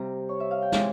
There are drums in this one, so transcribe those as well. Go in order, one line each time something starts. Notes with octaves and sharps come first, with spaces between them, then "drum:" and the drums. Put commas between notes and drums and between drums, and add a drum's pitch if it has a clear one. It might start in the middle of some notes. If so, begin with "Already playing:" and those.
Already playing: C3 G3 C4 A#5
C#5
E5
F5
G5
E3 G#3 C4 G#5, drum: snare